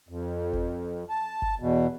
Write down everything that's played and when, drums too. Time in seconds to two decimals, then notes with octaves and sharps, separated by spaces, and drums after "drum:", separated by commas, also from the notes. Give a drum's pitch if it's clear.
0.09 F2
0.53 drum: kick F#1
1.09 A5
1.42 drum: kick F#1
1.60 E2 B2